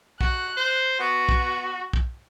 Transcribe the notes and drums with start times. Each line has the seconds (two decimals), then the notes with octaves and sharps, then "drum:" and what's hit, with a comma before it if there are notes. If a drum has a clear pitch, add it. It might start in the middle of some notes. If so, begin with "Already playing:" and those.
0.21 F#4 F#6, drum: kick
0.57 C5
1.00 B3 F#4
1.29 drum: kick
1.93 drum: kick